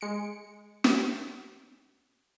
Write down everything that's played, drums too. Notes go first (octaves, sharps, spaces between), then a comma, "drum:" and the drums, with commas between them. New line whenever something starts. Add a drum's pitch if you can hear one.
G#3 C#7 D7
drum: snare